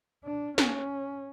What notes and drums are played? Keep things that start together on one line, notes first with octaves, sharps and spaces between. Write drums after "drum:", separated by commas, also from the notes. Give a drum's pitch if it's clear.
D4
C#4, drum: snare